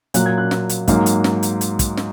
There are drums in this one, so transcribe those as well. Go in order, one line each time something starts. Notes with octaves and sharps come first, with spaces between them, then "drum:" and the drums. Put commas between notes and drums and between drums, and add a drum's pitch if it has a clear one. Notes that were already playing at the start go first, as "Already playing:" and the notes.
A#2 F#3 A#3 F#6, drum: hi-hat
G#6
F#6
drum: snare
drum: hi-hat
G#2 F#3 A#3, drum: kick, hi-hat
drum: hi-hat
drum: snare
drum: hi-hat
drum: hi-hat
drum: kick, hi-hat
drum: snare